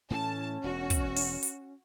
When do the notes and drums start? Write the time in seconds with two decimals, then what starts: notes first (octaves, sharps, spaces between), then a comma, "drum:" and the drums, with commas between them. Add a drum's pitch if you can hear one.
0.10 A2 E3 A3 C#4 A5
0.64 E1 F#4
0.90 drum: kick, hi-hat
1.16 drum: open hi-hat
1.43 drum: hi-hat